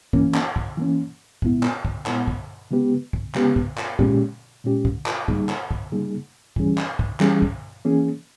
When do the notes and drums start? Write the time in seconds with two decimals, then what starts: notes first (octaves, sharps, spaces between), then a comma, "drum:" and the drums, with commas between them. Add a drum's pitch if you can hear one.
0.13 E3 A#3 C#4, drum: kick
0.35 drum: clap
0.56 drum: kick
0.78 E3 A#3 C#4
1.42 A#2 G#3 B3 E4, drum: kick
1.63 drum: clap
1.85 drum: kick
2.06 A#2 G#3 B3 E4, drum: clap
2.28 drum: kick
2.71 C#3 G#3 B3 G4 B4
3.13 drum: kick
3.35 C#3 G#3 B3 G4 B4, drum: clap
3.56 drum: kick
3.78 drum: clap
3.99 A#2 G#3 C#4 G4, drum: kick
4.64 A#2 G#3 C#4 G4
4.85 drum: kick
5.06 drum: clap
5.28 C#3 G3 A#3 D#4 G#4, drum: kick
5.49 drum: clap
5.71 drum: kick
5.92 C#3 G3 A#3 D#4 G#4
6.56 E3 G3 C#4 G#4, drum: kick
6.78 drum: clap
6.99 drum: kick
7.20 E3 G3 C#4 G#4, drum: clap
7.42 drum: kick
7.85 E3 A#3 C#4 G#4